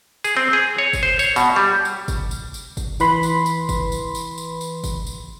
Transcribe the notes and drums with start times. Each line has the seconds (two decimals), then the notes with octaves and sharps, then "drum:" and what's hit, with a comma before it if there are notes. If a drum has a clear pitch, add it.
0.24 G#4, drum: tambourine
0.37 C4
0.53 G#4
0.78 C#5
0.93 drum: kick F#1, tambourine
1.03 C5
1.19 C#5, drum: tambourine
1.36 B2, drum: tambourine
1.56 G3
1.85 drum: tambourine
2.08 drum: kick F#1, tambourine
2.31 drum: tambourine
2.54 drum: tambourine
2.77 drum: kick F#1, tambourine
3.00 E3 B4 B5 C6, drum: tambourine
3.23 drum: tambourine
3.46 drum: tambourine
3.69 drum: kick F#1, tambourine
3.92 drum: tambourine
4.15 drum: tambourine
4.38 drum: tambourine
4.61 drum: tambourine
4.84 drum: kick F#1, tambourine
5.07 drum: tambourine